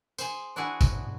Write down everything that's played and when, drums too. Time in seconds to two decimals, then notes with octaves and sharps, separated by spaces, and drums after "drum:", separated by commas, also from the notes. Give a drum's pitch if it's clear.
0.18 G#4 C5, drum: tambourine
0.56 D4 E4 F#4 G#4
0.81 drum: kick, tambourine